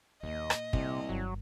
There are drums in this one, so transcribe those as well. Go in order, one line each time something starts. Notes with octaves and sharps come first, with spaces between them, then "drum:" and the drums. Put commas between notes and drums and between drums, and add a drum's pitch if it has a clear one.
D#2 A#2 D#5
drum: rim click
C2 C3, drum: kick
G1 D#3 F#3